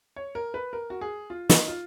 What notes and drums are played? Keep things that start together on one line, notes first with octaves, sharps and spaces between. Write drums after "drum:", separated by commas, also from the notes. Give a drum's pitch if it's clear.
C#5
A#4
B4
A#4
F#4
G#4
F4
D#4, drum: snare
F4